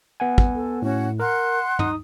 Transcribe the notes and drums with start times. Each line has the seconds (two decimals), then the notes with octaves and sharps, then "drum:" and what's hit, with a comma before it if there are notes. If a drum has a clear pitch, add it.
0.20 B3 F#5 G#5
0.38 drum: kick
0.53 A4
0.82 A2 C#4 F#4 F#5
1.20 A#4 F#5 C6 F#6
1.79 D#4 D#6, drum: tom